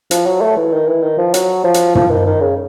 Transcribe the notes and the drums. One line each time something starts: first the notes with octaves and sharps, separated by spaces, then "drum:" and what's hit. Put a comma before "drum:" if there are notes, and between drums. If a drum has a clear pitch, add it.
F3, drum: hi-hat
F#3
A3
E3
D#3
E3
D#3
F3
F#3, drum: hi-hat
F3
drum: hi-hat
F3, drum: tom
D#3
D#3
C#3